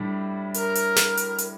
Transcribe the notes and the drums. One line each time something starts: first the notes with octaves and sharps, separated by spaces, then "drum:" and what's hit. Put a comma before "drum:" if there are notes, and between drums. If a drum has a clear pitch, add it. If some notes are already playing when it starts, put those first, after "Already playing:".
Already playing: A2 G3 D4
A#4, drum: hi-hat
drum: hi-hat
drum: snare
drum: hi-hat
drum: hi-hat